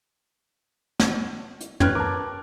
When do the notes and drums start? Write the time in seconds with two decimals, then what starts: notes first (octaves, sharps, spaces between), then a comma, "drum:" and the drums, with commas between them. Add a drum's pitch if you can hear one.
1.00 drum: snare
1.61 drum: hi-hat
1.80 B4 C#5 G5 F6 F#6 G#6, drum: tom
1.95 A#4 A5 D6